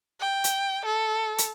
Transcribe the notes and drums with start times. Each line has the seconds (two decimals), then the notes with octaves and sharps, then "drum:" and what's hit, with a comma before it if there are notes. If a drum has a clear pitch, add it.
0.20 G5
0.44 drum: hi-hat
0.86 A4
1.38 drum: hi-hat